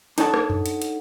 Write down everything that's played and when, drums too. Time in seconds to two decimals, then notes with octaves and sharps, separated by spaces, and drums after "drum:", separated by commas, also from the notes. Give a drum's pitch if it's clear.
0.18 D4 D#4 A4 C#5 F#5 A5, drum: hi-hat
0.34 drum: rim click
0.50 drum: tom F2
0.66 drum: hi-hat
0.82 drum: hi-hat